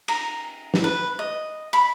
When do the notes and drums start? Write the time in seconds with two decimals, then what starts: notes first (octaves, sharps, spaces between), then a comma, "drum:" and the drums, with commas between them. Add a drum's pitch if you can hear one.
0.08 A#5, drum: cymbal
0.74 drum: snare
0.84 B4
1.19 D#5
1.73 B5